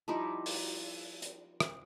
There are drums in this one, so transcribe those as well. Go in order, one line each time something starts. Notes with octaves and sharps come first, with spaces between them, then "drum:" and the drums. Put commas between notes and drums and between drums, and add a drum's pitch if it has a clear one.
F3 G3 D#4 E4
drum: open hi-hat
drum: hi-hat
drum: rim click